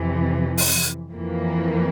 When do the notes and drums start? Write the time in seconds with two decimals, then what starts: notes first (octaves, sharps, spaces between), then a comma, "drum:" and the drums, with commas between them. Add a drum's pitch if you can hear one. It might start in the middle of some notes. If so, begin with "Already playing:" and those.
Already playing: F2 C3 E3
0.58 drum: open hi-hat
1.12 F2 E3 A#3